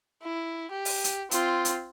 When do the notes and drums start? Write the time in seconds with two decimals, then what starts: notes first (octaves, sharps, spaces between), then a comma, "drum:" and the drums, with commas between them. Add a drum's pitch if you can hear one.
0.23 E4
0.71 G4
0.85 drum: open hi-hat
1.04 drum: hi-hat
1.31 C4 F4, drum: hi-hat
1.65 drum: hi-hat